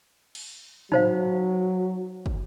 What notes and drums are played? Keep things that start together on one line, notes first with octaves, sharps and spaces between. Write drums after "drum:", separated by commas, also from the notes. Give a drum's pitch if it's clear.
drum: cymbal
F#3 D#4 C5 F5, drum: tom
drum: kick